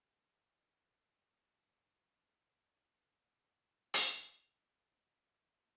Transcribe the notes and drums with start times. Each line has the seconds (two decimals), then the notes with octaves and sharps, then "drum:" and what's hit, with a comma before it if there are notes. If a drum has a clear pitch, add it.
0.11 B2 F#3 G#3 A#3 A#4
1.47 G3 A3 A#3 C#4 D#4 G4
3.94 drum: hi-hat
4.75 F4 G4 G#4 A#4 B4
5.01 A2 D3 E3 G#3
5.16 F6
5.41 G#6